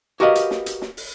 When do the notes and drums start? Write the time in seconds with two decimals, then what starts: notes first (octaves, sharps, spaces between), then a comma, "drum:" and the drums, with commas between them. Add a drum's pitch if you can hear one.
0.20 F#4 G4 A#4 B4 D#5 F5
0.35 drum: hi-hat
0.51 drum: snare
0.66 drum: hi-hat
0.82 drum: snare
0.97 drum: open hi-hat